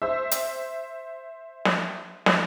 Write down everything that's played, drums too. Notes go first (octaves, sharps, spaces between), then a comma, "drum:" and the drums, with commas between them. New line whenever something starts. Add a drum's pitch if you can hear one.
C5 E5
drum: hi-hat
drum: snare
drum: snare